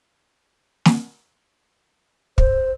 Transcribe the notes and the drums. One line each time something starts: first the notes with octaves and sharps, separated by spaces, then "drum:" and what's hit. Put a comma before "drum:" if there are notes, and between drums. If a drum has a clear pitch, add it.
drum: snare
C5, drum: kick